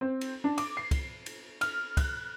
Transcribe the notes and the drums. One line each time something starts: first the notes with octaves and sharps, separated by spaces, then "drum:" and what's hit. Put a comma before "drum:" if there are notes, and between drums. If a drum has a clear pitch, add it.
C4
drum: cymbal
D4
D6, drum: cymbal
C7
drum: kick, cymbal
drum: cymbal
F6, drum: cymbal
F#6, drum: kick, cymbal